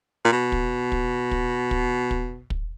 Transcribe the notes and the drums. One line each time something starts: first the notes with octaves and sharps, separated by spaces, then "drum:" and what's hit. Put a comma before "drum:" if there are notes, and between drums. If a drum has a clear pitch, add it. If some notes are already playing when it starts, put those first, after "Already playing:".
A#2
B2
drum: kick
drum: kick
drum: kick
drum: kick
drum: kick
drum: kick